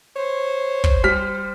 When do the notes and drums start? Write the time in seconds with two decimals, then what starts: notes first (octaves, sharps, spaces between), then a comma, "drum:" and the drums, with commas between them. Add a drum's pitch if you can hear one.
0.16 C5 C#5
0.84 drum: kick
1.04 G3 F6 B6